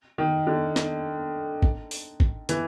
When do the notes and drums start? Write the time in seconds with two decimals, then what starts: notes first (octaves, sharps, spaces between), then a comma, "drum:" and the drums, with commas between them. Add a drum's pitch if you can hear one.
0.18 D#3
0.47 D3
0.76 drum: snare
1.62 drum: kick G#1
1.91 drum: open hi-hat
2.20 drum: kick G#1
2.49 E3, drum: hi-hat